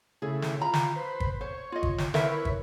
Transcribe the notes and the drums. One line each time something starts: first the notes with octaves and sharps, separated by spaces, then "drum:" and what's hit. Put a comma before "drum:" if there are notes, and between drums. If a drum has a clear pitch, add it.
C#3 A3 E4 G#4
drum: snare
F4 A#5 B5
drum: snare
B4 C5
drum: kick
C5 C#5
F4 D#5
drum: kick
drum: snare
E4 A#4 B4 C#5 E5, drum: snare
drum: kick